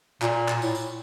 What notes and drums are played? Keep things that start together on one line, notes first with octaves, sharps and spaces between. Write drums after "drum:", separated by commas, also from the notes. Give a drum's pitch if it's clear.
A#2, drum: clap
drum: clap
A2, drum: tambourine
drum: tambourine